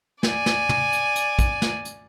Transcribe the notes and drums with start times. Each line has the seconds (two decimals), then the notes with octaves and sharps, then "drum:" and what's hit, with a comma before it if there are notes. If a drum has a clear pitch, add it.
0.23 D5 G#5, drum: snare
0.46 drum: snare
0.69 drum: tom
0.92 drum: hi-hat
1.16 drum: hi-hat
1.39 drum: kick, hi-hat
1.62 drum: snare
1.85 drum: hi-hat